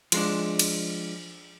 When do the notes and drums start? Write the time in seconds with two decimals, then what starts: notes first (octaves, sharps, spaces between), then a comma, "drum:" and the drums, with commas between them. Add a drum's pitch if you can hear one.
0.12 F3 G#3 D4, drum: cymbal
0.59 drum: cymbal